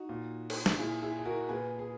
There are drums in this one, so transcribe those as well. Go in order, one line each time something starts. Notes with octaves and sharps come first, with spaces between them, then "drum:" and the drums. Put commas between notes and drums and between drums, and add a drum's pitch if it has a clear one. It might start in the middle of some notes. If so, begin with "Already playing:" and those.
Already playing: D#4 F#4
A#2
drum: cymbal
drum: snare
A#2 E4 G#4
E4 G#4
G#4
F#4 A#4
A#2 G#4 B4
G#4